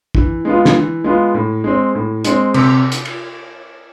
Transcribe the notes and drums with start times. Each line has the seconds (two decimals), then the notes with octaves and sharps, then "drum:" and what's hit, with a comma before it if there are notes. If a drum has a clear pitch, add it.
0.15 E3, drum: kick
0.45 G#3 B3 F4
0.65 drum: snare
0.75 E3
1.04 G#3 B3 F4
1.34 A2
1.64 G#3 C4
1.95 A2
2.24 G#3 C4, drum: hi-hat
2.54 C3, drum: cymbal
2.92 drum: hi-hat
3.05 drum: cymbal